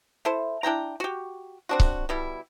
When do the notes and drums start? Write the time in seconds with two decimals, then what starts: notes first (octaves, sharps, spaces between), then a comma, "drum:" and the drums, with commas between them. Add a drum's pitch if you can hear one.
0.25 E4 A4 C5
0.63 D4 E4 G5 A#5
1.00 F#4 G4
1.69 C4 D4 F#4
1.80 drum: kick C#1
2.09 B2 G3 E4